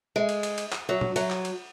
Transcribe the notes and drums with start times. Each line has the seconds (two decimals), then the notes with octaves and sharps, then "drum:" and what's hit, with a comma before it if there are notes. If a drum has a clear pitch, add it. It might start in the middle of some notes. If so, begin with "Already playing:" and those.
0.16 G#3
0.29 drum: cymbal
0.43 drum: cymbal
0.58 drum: cymbal
0.72 drum: clap
0.89 F#3
1.01 drum: tom A2
1.16 F#3, drum: cymbal
1.30 drum: clap
1.45 drum: cymbal